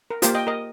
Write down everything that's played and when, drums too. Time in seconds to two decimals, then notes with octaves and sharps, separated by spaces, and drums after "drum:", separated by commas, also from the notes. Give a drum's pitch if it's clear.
0.10 A#4
0.22 A#3 F4 G4 C5, drum: hi-hat
0.35 D#5 G5
0.47 A#4 D#5